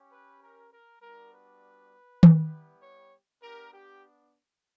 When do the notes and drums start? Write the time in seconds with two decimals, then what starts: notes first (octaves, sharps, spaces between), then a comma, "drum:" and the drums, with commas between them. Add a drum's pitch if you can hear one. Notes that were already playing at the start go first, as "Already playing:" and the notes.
Already playing: C#4 G4
0.12 B4
0.43 A#4
0.73 A#4
1.02 G3 B3 D4 F#4 A#4
1.33 B4
2.23 G3 B3 E4 G4, drum: tom D#3
2.82 C#5
3.42 B3 D4 G4 A#4
3.73 G4